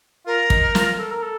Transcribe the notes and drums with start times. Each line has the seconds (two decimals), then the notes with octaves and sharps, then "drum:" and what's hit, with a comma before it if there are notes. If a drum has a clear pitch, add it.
0.26 F4 A#4
0.50 D#4, drum: kick
0.75 F4, drum: snare
0.99 A4
1.11 A#4
1.23 A4